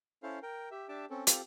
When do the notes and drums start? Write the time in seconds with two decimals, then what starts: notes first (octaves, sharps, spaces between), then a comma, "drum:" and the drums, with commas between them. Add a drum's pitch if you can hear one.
0.23 C#4 E4 A4 C5 F5
0.43 A#4 G5
0.71 G4 E5
0.89 D4 G4 E5 A5 D6
1.10 C4 C#4 A4
1.27 C4 F4 G4 A4, drum: hi-hat